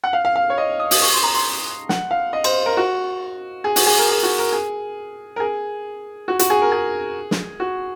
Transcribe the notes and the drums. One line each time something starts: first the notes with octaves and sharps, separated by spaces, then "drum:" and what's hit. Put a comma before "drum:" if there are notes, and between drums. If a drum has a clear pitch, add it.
F#5
F5
F5
F5
C#5
D#5
D#6
D#6, drum: open hi-hat
C#6
C6
A#5
C6
F#5, drum: snare
F5
D#5
C5, drum: cymbal
A#4
F#4
G#4
F#4, drum: open hi-hat
G#4
A#4
G#4
F#4
A#4
G#4
A#4
G#4
F#4
F#4, drum: hi-hat
G#4
A#4
G#4
drum: snare
F#4